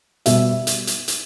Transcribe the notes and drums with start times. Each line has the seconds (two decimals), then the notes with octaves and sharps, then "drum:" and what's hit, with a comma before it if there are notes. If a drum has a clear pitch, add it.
0.26 B2 G3 E5, drum: hi-hat
0.67 drum: hi-hat
0.87 drum: hi-hat
1.08 drum: hi-hat